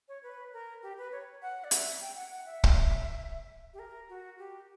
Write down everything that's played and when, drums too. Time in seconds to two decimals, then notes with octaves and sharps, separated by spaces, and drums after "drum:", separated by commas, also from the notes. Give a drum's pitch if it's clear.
0.08 C#5
0.23 B4
0.53 A#4
0.83 G4
0.98 B4
1.12 C#5
1.42 F#5
1.64 D5
1.71 E5, drum: hi-hat
2.01 G5
2.16 F#5
2.31 F#5
2.46 E5
2.64 drum: kick
3.74 G4
3.79 A#4
4.09 F#4
4.38 G4